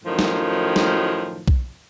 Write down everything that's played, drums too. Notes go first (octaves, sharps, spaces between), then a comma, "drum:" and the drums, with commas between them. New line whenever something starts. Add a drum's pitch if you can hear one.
F#2 A2 D#3 F3
drum: snare
drum: snare
drum: kick B1